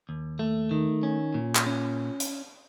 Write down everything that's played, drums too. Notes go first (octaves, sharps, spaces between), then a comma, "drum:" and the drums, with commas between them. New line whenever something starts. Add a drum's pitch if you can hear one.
D#2
A3
D#3
C#4
A#2
drum: clap
C#4
drum: hi-hat